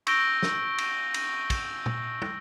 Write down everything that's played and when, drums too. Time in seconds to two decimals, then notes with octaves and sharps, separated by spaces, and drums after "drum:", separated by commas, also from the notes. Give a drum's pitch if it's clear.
0.07 C#6 E6 G6 A#6 D7 G7, drum: cymbal
0.42 drum: snare
0.78 drum: cymbal
1.14 drum: cymbal
1.50 drum: kick, cymbal
1.86 drum: tom A#2
2.22 drum: tom